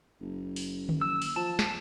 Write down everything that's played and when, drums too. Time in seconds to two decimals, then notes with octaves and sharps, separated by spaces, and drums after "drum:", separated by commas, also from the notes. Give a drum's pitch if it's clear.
0.21 F#1
0.56 drum: open hi-hat
0.89 drum: tom D3
1.01 E6
1.22 drum: open hi-hat
1.36 F3 A5
1.59 drum: snare